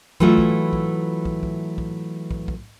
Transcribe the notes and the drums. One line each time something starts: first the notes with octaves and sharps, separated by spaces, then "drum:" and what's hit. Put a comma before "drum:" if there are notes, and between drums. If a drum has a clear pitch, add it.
E3 F#3 A3 E4 F4, drum: kick
drum: kick
drum: kick
drum: kick
drum: kick
drum: kick
drum: kick
drum: kick